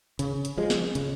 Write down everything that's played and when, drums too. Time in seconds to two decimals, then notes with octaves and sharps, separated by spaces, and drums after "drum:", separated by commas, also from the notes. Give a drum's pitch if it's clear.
0.19 C#3, drum: hi-hat
0.45 drum: hi-hat
0.58 F3 G#3
0.70 drum: snare
0.95 C#3, drum: hi-hat